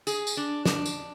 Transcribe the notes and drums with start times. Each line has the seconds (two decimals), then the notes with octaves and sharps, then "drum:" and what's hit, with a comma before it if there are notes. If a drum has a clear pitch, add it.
0.07 G#4, drum: tambourine
0.27 drum: tambourine
0.37 D4
0.65 D4, drum: snare
0.86 drum: tambourine